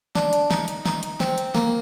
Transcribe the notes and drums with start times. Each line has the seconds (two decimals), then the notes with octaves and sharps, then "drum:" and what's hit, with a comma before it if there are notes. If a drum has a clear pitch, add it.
0.15 D4, drum: snare
0.33 drum: hi-hat
0.51 D#4, drum: snare
0.68 drum: hi-hat
0.86 D#4, drum: snare
1.03 drum: hi-hat
1.20 C4, drum: snare
1.38 drum: hi-hat
1.55 A#3, drum: snare